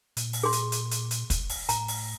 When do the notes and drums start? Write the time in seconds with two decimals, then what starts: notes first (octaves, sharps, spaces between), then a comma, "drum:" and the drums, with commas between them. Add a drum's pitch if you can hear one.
0.17 A#2, drum: hi-hat
0.33 drum: open hi-hat
0.43 G#4 C6
0.52 drum: hi-hat
0.72 drum: hi-hat
0.91 drum: hi-hat
1.11 drum: hi-hat
1.30 drum: kick, hi-hat
1.49 drum: open hi-hat
1.69 A2 A#5, drum: hi-hat
1.88 drum: open hi-hat